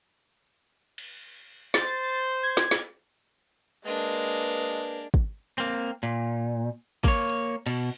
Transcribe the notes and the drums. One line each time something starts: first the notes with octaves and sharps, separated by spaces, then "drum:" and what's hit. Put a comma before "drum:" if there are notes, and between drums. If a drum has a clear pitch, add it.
drum: cymbal
C5 A6, drum: snare
G#6
drum: snare
drum: snare
G#3 A#3 D4 B4
drum: kick
A#3 C4
A#2, drum: hi-hat
A#3 C#5, drum: kick
drum: hi-hat
B2, drum: cymbal